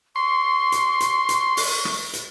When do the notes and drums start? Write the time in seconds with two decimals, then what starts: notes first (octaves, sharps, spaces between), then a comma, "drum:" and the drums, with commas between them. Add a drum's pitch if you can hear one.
0.16 C6 C#6
0.72 drum: hi-hat
1.00 drum: hi-hat
1.29 drum: hi-hat
1.57 drum: open hi-hat
1.85 drum: rim click
2.13 drum: hi-hat